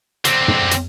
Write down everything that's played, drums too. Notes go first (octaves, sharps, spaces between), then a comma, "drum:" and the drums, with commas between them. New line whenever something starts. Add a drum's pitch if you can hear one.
D3 C4, drum: hi-hat
drum: tom
drum: hi-hat